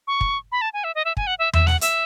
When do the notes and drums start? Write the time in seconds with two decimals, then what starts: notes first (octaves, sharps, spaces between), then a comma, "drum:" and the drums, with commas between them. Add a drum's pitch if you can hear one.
0.07 C#6
0.21 drum: kick
0.52 B5
0.62 A5
0.73 G#5
0.84 E5
0.95 D#5
1.05 E5
1.17 G#5, drum: kick
1.27 F#5
1.39 E5
1.53 E5, drum: tom E2
1.67 F#5, drum: snare
1.81 E5, drum: hi-hat